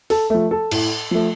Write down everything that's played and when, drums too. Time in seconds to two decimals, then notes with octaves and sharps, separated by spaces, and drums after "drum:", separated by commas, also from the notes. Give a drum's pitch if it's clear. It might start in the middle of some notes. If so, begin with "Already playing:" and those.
0.10 A4, drum: open hi-hat
0.30 F3 A3
0.51 A4
0.71 A2, drum: cymbal
1.11 F3 A3